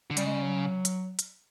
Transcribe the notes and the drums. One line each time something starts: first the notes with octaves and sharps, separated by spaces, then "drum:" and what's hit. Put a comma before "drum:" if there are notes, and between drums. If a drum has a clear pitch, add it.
D3
C#3 G3, drum: hi-hat
G#3
G3
F#3
drum: hi-hat
drum: hi-hat